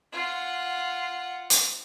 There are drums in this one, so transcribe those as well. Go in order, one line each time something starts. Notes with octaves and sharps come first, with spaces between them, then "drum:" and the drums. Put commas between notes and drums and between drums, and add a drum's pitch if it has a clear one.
F4 F#5
drum: hi-hat